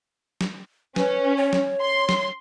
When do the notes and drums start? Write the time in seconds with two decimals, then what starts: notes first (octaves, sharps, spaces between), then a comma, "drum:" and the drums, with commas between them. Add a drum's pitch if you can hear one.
0.41 drum: snare
0.96 C#4 B4, drum: snare
1.37 C#5
1.53 drum: snare
1.81 C6
2.09 drum: snare